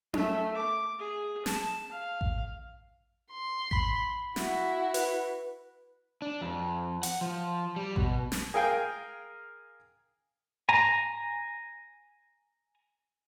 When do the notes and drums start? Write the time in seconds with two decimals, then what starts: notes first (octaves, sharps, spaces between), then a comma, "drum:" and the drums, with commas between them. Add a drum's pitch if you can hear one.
0.14 A3, drum: tom C#4
0.57 D6
0.99 G#4
1.46 A5, drum: snare
1.91 F5
2.21 drum: kick A1
3.31 C6
3.71 B5 B6, drum: kick A1
4.36 E4 F#4, drum: snare
4.94 B4, drum: hi-hat
6.22 D4
6.41 F2
7.03 F#5, drum: hi-hat
7.21 F3
7.76 G3
7.96 B2, drum: kick A1
8.32 drum: snare
8.54 G#4 A#4 F5 G5 G#5
10.69 G#5 A#5